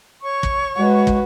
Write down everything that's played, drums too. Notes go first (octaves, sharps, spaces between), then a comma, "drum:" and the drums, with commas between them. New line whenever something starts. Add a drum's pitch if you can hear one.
C#5 C#6
drum: kick
G#3 F#4 B4
drum: kick